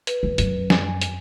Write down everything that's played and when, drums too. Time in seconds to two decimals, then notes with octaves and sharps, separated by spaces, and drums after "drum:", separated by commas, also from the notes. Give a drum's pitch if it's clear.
0.07 B4, drum: hi-hat
0.23 E2
0.38 F#2, drum: hi-hat
0.70 G#5, drum: snare
0.86 G#5
1.02 G#5, drum: hi-hat